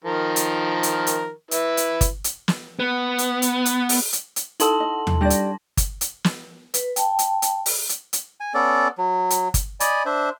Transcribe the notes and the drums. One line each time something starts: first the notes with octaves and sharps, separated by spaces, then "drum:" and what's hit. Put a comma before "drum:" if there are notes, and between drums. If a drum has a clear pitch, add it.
D#3 F3 A#4
drum: hi-hat
drum: hi-hat
drum: hi-hat
E4 B4, drum: hi-hat
drum: hi-hat
drum: kick G1, hi-hat
drum: hi-hat
drum: snare
B3
drum: hi-hat
drum: hi-hat
drum: hi-hat
drum: open hi-hat
drum: hi-hat
drum: hi-hat
D#4 E4 A4 F#5 A5 C6 E6 F#7, drum: hi-hat
D#5
drum: tom D#2
G3 D4 G4 D5 A#6
drum: hi-hat
drum: kick G1, hi-hat
drum: hi-hat
drum: snare
B4, drum: hi-hat
G5 A5, drum: hi-hat
drum: hi-hat
drum: hi-hat
drum: open hi-hat
drum: hi-hat
drum: hi-hat
G#5
B3 C#4 A4 D5
F#3
drum: hi-hat
drum: kick G1, hi-hat
D5 D#5 G#5 B5, drum: hi-hat
D4 C5 E5